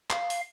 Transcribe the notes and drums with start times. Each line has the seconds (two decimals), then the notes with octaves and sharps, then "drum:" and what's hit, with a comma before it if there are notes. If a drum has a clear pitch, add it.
0.10 F5, drum: clap
0.30 drum: open hi-hat